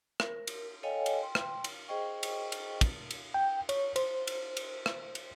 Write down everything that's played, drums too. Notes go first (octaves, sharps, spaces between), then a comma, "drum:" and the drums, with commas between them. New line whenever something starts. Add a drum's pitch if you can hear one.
A#4, drum: rim click
drum: cymbal
A4 C#5 D#5 F5 G5 G#5
drum: cymbal
G5 C6
drum: rim click
drum: cymbal
G#4 C5 D#5 G5 C#6
drum: cymbal
drum: cymbal
drum: kick, cymbal
drum: cymbal
G5
C#5, drum: cymbal
C5, drum: cymbal
drum: cymbal
drum: cymbal
drum: rim click
drum: cymbal